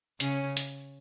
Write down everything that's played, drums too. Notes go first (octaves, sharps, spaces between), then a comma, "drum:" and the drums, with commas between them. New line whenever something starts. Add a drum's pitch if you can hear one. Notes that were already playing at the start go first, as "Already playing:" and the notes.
C#3 C#4, drum: hi-hat
drum: hi-hat